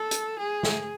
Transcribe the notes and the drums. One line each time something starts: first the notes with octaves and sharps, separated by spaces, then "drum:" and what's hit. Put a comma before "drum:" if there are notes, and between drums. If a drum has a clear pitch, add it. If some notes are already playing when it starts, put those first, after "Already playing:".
Already playing: A4
drum: hi-hat
G#4
drum: snare